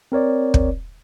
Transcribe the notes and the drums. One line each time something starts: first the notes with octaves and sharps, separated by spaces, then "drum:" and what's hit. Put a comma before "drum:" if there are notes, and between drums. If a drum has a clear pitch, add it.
C4 A#4 C#5 D5
drum: kick